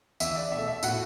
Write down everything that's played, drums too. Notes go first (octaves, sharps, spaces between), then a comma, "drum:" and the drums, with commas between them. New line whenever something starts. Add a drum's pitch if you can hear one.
E2 E5, drum: tambourine
D5
B2 A3 E5
E5
A2 F#4 F#5, drum: tambourine